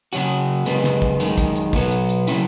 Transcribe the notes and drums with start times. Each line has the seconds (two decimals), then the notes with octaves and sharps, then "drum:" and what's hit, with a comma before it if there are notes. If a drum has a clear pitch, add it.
0.13 C#3 F#3 C#4 F#4, drum: hi-hat
0.66 F#2 C#3 G#3 B3, drum: hi-hat
0.84 drum: snare
1.02 drum: kick
1.20 F#2 D#3 G#3, drum: hi-hat
1.38 drum: kick, hi-hat
1.56 drum: hi-hat
1.73 B2 F#3 B3 F#4, drum: kick, hi-hat
1.91 drum: hi-hat
2.09 drum: hi-hat
2.27 C#3 F#3 C#4 E4, drum: hi-hat